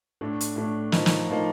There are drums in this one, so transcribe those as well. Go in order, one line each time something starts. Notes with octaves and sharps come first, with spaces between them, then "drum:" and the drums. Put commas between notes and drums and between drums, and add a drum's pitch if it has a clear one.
A2 A3 D4
drum: hi-hat
A2 A3 D4
A2 F3 A#3 D#4, drum: snare
drum: snare
A2 F3 A#3 D#4